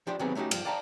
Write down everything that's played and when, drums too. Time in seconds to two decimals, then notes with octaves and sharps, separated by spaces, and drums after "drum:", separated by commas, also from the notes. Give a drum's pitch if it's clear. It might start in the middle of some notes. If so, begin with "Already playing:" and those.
0.07 F3 D4 G4 C5
0.19 C3 D#3 F#3 B3 C4 G#4
0.35 A3 C#4 D#4 F#4 G4
0.51 G2 F3, drum: cymbal
0.65 D5 F5 G5 A5 A#5